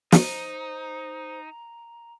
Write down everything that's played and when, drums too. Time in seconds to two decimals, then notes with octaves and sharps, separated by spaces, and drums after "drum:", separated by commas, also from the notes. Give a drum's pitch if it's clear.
0.12 D#4 C5 A#5, drum: snare